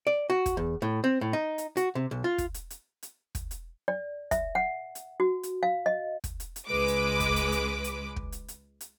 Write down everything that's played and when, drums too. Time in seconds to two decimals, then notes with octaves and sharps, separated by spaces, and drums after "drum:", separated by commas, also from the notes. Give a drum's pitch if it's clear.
0.07 D5
0.30 F#4
0.46 drum: kick, hi-hat
0.57 E2
0.82 A2
1.04 C4
1.21 A2
1.33 D#4
1.58 drum: hi-hat
1.77 F#4, drum: hi-hat
1.95 C3
2.11 B1
2.24 F4
2.38 drum: kick, hi-hat
2.54 drum: hi-hat
2.70 drum: hi-hat
3.03 drum: hi-hat
3.35 drum: kick, hi-hat
3.51 drum: hi-hat
3.88 D5
4.31 E5, drum: kick, hi-hat
4.55 F#5
4.95 drum: hi-hat
5.20 F#4
5.43 drum: hi-hat
5.63 F5
5.86 D#5
6.24 drum: kick, hi-hat
6.40 drum: hi-hat
6.56 drum: hi-hat
6.67 C#2 G#3 B4 D6
6.88 drum: hi-hat
7.20 drum: kick, hi-hat
7.36 drum: hi-hat
7.52 drum: hi-hat
7.84 drum: hi-hat
8.16 drum: kick
8.32 drum: hi-hat
8.48 drum: hi-hat
8.81 drum: hi-hat